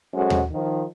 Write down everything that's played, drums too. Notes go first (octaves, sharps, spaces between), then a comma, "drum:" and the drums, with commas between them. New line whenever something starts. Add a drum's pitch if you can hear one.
F#2 G#3 F#4 A4 C5
drum: tom D#2
D#3 F3